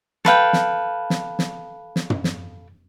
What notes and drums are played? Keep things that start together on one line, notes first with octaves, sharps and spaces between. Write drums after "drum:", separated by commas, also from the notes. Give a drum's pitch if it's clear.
A4 B4 F5 G5, drum: snare
drum: snare
drum: snare
drum: snare
drum: snare
drum: tom
drum: snare